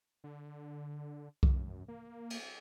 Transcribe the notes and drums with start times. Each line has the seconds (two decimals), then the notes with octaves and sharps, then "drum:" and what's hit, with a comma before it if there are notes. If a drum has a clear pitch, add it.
0.24 D3
1.43 F#2, drum: kick B1
1.88 A#3
2.30 drum: cymbal